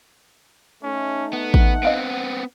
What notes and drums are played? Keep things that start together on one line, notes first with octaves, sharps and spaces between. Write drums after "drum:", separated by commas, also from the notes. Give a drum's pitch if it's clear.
A3 C#4 D#4
B3 F#5
drum: kick A1
B3 C4 D#5 F5 D7